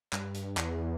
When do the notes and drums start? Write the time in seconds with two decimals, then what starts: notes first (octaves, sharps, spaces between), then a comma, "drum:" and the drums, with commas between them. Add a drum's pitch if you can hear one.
0.13 G2, drum: clap
0.34 drum: hi-hat
0.57 E2, drum: clap